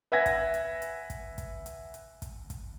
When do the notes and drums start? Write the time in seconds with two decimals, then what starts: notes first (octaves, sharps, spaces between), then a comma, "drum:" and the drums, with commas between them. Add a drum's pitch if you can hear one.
0.12 B4 E5 F#5 G#5 G#6 A#6
0.26 drum: kick, hi-hat
0.54 drum: hi-hat
0.82 drum: hi-hat
1.10 drum: kick, hi-hat
1.38 drum: kick, hi-hat
1.66 drum: hi-hat
1.94 drum: hi-hat
2.22 drum: kick, hi-hat
2.50 drum: kick, hi-hat